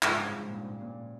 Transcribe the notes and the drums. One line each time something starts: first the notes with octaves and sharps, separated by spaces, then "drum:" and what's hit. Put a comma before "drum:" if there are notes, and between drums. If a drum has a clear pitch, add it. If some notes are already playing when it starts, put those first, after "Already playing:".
G#2 C#3 F3 C4 G4, drum: clap
G2
G#2
A#2
A#2
A#2